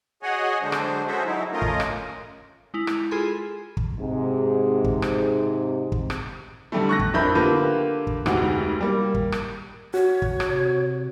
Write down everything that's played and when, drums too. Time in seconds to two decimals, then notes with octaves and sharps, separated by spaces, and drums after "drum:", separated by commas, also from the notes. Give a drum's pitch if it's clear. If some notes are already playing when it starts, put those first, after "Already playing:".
0.23 F#4 G#4 C#5 D#5 F#5 G#5
0.62 D3 F#3 G#3 D4 C5
0.72 drum: rim click
1.07 C#4 F#4 G#4 A4 C5 E5
1.25 F#3 D#4 E4
1.52 A3 C#4 F4 A#4 D#5
1.62 drum: kick
1.80 drum: rim click
2.74 G#3 E4 F7
2.87 drum: rim click
3.11 F4 G#4 A4 G#5 B5 C6
3.77 drum: kick
4.00 G#2 C3
4.84 drum: kick
5.02 drum: rim click
5.92 drum: kick
6.10 drum: rim click
6.72 D3 G3 A3
6.89 C#6 F#6 A#6
6.99 drum: kick
7.13 F2 D4 A#4 E5 B5 G6
7.35 D3 A#3 F4 G4 B4
8.07 drum: kick
8.26 F1 D2 G#2 F#4, drum: rim click
8.81 G3 A#3
9.14 drum: kick
9.32 drum: rim click
9.94 F#4 C#5
10.22 drum: kick
10.40 drum: rim click
10.49 C3